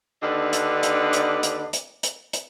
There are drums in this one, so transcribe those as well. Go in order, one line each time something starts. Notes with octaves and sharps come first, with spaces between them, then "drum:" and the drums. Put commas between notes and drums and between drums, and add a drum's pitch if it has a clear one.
D#2 D3 D4 B4 D5 D#5
drum: hi-hat
drum: hi-hat
drum: hi-hat
drum: hi-hat
drum: hi-hat
drum: hi-hat
drum: hi-hat